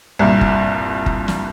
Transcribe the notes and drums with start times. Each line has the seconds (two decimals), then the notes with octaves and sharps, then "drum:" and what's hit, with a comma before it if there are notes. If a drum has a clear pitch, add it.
0.19 C2 G2 A#2
0.41 drum: kick F#1
1.06 drum: kick F#1
1.28 drum: snare